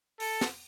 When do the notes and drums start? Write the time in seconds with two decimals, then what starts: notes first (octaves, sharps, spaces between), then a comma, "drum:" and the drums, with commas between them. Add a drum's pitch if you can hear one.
0.20 A4, drum: open hi-hat
0.41 drum: snare